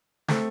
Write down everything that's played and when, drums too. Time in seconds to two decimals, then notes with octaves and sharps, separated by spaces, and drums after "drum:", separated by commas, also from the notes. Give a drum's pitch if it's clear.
0.28 A3 C4, drum: snare